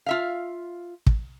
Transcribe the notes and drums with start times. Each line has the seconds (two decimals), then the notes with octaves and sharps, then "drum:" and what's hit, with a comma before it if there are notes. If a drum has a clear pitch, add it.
0.06 F4 E5 F5
1.06 drum: kick